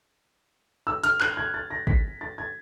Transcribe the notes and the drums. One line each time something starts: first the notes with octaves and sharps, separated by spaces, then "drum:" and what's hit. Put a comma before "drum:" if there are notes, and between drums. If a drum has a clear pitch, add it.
E6
F6, drum: hi-hat
F#6, drum: clap
G#6
A6
A#6
B6, drum: kick
A6
G#6